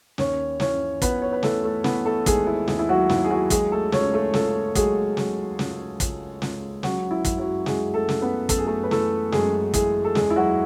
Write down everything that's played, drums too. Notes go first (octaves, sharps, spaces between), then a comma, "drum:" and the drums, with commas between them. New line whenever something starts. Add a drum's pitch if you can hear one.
D#2 C#4 C#5, drum: snare
E3 C#4 C#5, drum: snare
E3 B3 B4, drum: kick, hi-hat
C#5
B4
E3 A3 A4, drum: snare
A3 A4
E3 B3 B4, drum: snare
A3 A4
D#2 G#3 G#4, drum: kick, hi-hat
E4
D#2 G#3 G#4, drum: snare
E4
F#3 F#4
D#2 E4, drum: snare
G#4
F#3 F#4
F#3 G#3 G#4, drum: kick, hi-hat
A3 A4
C#2 C#4 C#5, drum: snare
A3 A4
C#2 A3 A4, drum: snare
F#3 G#3 G#4, drum: kick, hi-hat
F#3, drum: snare
C#2, drum: snare
C#2, drum: kick, hi-hat
C#2, drum: snare
C#3 F#3 F#4, drum: snare
E4
F#2, drum: kick, hi-hat
F#3 F#4
C#3 G#3 G#4, drum: snare
A3 A4
C#3, drum: snare
B3 B4
F#2 A4, drum: kick, hi-hat
G#4
A3 A4
B4
E3 A3 A4, drum: snare
F#2 G#3 G#4, drum: snare
E3 G#3 G#4, drum: kick, hi-hat
A4
E2 G#3 G#4, drum: snare
E4
F#3 F#4